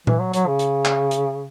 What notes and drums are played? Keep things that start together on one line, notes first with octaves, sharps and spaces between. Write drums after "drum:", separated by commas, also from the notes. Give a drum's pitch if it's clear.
E3, drum: tom A#2
F#3
F#3, drum: hi-hat
C#3
drum: hi-hat
drum: clap
drum: hi-hat